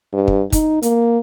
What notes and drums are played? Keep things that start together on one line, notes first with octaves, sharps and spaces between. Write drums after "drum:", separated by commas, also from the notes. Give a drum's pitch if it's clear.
G2
drum: kick
D#4, drum: kick, hi-hat
A#3, drum: hi-hat